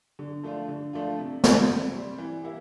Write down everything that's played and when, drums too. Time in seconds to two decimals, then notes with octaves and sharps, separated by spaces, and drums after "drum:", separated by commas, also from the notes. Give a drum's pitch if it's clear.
0.19 D3
0.43 F3 A3 D4 F4
0.68 D3
0.93 F3 A3 D4 F4
1.19 C3
1.44 G3 C4, drum: snare
1.69 C3
1.93 G3 C4
2.18 E3
2.43 A#3 E4 G4